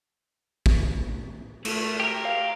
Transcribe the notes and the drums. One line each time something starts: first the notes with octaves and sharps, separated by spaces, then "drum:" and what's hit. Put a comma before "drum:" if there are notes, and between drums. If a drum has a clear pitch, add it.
drum: kick
A3, drum: cymbal
G4 A#4
F5